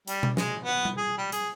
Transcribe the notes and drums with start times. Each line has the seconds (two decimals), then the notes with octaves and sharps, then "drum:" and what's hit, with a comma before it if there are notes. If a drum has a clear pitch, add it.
0.08 G3, drum: hi-hat
0.23 drum: tom B2
0.37 G#3, drum: snare
0.64 B3
0.85 drum: tom G3
0.97 G#4
1.18 G3
1.32 G#4, drum: hi-hat